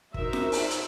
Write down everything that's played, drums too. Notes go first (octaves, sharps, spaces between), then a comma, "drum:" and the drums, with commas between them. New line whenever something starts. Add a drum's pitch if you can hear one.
D#4 F#4 A#4 C5 E5, drum: kick
drum: snare F4
drum: open hi-hat
drum: hi-hat